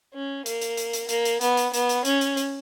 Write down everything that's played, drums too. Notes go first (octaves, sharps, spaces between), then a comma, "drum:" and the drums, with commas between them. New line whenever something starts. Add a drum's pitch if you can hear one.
C#4
A#3, drum: hi-hat
drum: hi-hat
drum: hi-hat
drum: hi-hat
A#3, drum: hi-hat
drum: hi-hat
B3, drum: hi-hat
drum: hi-hat
B3, drum: hi-hat
drum: hi-hat
C#4, drum: hi-hat
drum: hi-hat
drum: hi-hat